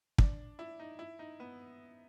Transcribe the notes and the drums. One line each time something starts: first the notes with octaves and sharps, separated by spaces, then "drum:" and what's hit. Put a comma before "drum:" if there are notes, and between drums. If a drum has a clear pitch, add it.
D4, drum: kick
E4
D#4
E4
D#4
B3